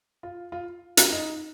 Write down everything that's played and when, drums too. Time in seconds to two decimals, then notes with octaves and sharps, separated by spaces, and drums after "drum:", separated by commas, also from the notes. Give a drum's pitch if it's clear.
0.23 F4
0.52 F4
0.97 F4, drum: hi-hat
1.12 D#4